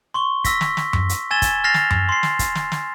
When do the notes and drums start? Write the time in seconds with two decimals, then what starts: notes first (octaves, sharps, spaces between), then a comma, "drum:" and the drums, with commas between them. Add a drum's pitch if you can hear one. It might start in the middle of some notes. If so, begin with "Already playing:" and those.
0.14 C6 C#6 G7
0.44 E6 A#6 B6, drum: kick, hi-hat
0.61 drum: snare
0.77 drum: snare
0.93 drum: tom F#2
1.09 drum: hi-hat
1.31 G#5 E6 G#6 A6 E7 G7
1.42 drum: kick, hi-hat
1.64 F6 A6 A#6 C7 F7
1.74 drum: snare
1.91 drum: tom F#2
2.09 C6 C7
2.23 drum: snare
2.39 drum: kick, hi-hat
2.55 drum: snare
2.72 drum: snare